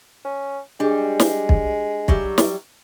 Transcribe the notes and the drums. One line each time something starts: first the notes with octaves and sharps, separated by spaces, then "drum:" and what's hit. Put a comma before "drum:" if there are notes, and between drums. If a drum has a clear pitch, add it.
C#4
G3 G#3 D4 G#4
drum: snare
drum: kick
F#3 G3 E5, drum: kick
drum: snare